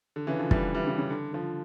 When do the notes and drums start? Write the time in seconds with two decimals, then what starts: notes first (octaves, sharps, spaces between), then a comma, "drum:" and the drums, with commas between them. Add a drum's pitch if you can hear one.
0.16 D3
0.27 C#3 E3
0.39 D3 F3
0.51 E3 G3, drum: kick
0.75 E3 G3
0.87 C#3 E3
0.98 C#3
1.10 D3
1.33 D3 F3